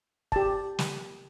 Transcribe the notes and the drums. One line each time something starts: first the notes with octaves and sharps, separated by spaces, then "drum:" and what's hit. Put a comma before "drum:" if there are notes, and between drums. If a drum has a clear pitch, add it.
G4 A5, drum: kick
drum: snare